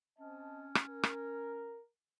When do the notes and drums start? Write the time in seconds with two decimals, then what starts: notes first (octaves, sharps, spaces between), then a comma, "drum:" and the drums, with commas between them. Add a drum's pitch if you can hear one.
0.19 C4 C#4 D#5 A5
0.75 drum: rim click
0.90 A#4
1.03 drum: rim click